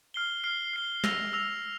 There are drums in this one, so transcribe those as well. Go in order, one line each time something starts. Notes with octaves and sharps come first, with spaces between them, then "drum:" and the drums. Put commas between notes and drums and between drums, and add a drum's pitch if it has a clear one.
F6 C7 G7
F6 C7 G7
F6 C7 G7
E6 A#6 F7, drum: snare
E6 A#6 F7